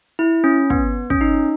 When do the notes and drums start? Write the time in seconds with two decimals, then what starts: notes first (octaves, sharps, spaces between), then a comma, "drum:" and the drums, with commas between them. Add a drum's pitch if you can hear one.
0.19 E4
0.44 C#4
0.70 B3, drum: kick
1.10 C#4, drum: kick
1.21 D#4